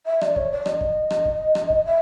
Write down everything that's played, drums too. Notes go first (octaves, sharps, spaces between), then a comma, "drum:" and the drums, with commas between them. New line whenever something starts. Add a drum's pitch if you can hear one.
E5
D5, drum: rim click
C#5, drum: kick
D5
D#5, drum: rim click
drum: kick
drum: rim click
drum: kick
drum: rim click
drum: kick
E5